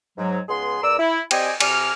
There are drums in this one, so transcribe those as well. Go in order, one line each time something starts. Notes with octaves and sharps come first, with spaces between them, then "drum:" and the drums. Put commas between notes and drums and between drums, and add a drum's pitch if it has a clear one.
G#2 F#3
C#2 B3 G#4 C6
E2 A#4 D5 E6
E4
C4 G4 D5 D#5 G5 G#5, drum: cymbal
C3 G#5 D6 F6, drum: cymbal